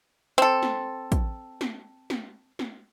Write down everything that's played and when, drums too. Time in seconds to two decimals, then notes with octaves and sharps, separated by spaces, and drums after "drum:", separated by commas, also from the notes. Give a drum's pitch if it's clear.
0.38 C4 A4
0.63 drum: snare
1.12 drum: kick, hi-hat
1.61 drum: snare
2.10 drum: snare
2.59 drum: snare